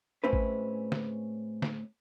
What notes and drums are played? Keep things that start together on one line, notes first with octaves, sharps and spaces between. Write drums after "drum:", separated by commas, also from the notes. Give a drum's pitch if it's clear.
A2 G#3 C4 C#4 E4 B4
drum: kick A1
drum: snare
drum: snare